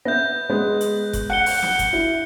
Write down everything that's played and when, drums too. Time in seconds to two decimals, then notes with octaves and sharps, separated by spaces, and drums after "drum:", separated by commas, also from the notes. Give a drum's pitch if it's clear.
0.05 B3 E5 G6 A#6
0.50 G#3 B3
0.81 drum: hi-hat
1.13 drum: kick F1, hi-hat
1.30 F#5 F#6 C#7 G7
1.46 drum: open hi-hat
1.62 drum: snare
1.79 drum: kick F1, hi-hat
1.93 E4